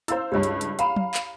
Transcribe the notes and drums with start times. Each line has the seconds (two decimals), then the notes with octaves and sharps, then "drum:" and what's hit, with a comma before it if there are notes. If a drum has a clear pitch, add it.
0.08 E4 C5 F5 E6, drum: hi-hat
0.32 C#2 G2 G4 C#5
0.43 drum: hi-hat
0.61 drum: hi-hat
0.79 F5 F#5 A#5 B5, drum: hi-hat
0.96 drum: tom
1.14 drum: clap